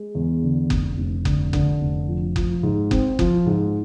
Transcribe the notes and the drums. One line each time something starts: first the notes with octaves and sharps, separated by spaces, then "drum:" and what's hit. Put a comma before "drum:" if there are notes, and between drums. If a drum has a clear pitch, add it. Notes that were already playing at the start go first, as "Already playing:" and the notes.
Already playing: G#3
E2
D3
F1, drum: kick F#1
F1
D3, drum: kick F#1
D3, drum: kick F#1
F1
F3
F3, drum: kick F#1
G#2
C4, drum: kick F#1
F3, drum: kick F#1
G#2